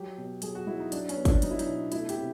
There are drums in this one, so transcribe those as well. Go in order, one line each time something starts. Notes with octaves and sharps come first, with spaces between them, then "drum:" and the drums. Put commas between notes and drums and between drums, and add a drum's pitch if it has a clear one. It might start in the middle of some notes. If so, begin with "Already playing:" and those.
Already playing: F#3 G4
B2
F#3 G#4, drum: hi-hat
F#4
F#3 E4
D#4
F#3 D4, drum: hi-hat
C#4, drum: hi-hat
B3
D4, drum: kick, hi-hat
F#3 D#4, drum: hi-hat
E4
D#4, drum: hi-hat
B2
A3 E4, drum: hi-hat
G4, drum: hi-hat
C3